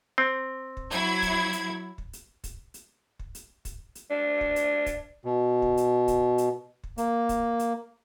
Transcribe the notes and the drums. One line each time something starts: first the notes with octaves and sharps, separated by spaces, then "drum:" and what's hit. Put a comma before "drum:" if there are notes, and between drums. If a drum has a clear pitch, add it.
C4
drum: kick
F#3 E4 G#6, drum: hi-hat
drum: kick, hi-hat
drum: hi-hat
drum: kick
drum: hi-hat
drum: kick, hi-hat
drum: hi-hat
drum: kick
drum: hi-hat
drum: kick, hi-hat
drum: hi-hat
D4
drum: kick
drum: hi-hat
drum: kick, hi-hat
B2
drum: kick
drum: hi-hat
drum: kick, hi-hat
drum: hi-hat
drum: kick
A#3, drum: hi-hat
drum: kick, hi-hat
drum: hi-hat